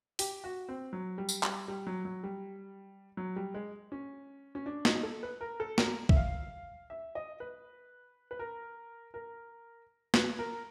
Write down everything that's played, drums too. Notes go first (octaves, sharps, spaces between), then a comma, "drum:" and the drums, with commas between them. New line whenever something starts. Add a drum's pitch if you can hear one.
G4, drum: open hi-hat
F#4
C4
F#3
G3
drum: tambourine
G3, drum: clap
G3
F#3
F#3
G3
F#3
G3
G#3
C#4
C#4
D4
D#4, drum: snare
A4
B4
A#4
A4
A#4, drum: snare
E5, drum: kick
F5
E5
D#5
B4
B4
A#4
A#4
B4, drum: snare
A#4